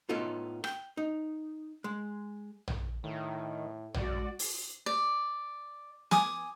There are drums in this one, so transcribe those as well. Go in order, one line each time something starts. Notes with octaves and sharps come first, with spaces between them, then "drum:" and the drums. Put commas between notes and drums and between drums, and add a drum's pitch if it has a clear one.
A2 B3 C#4 D#4 F4 A4
G5, drum: rim click
D#4
G#3
drum: tom A#1
A2 D#3
F#2 G#3 F#4 D5, drum: tom A#1
drum: open hi-hat
D5
G#5 D6 D#6, drum: snare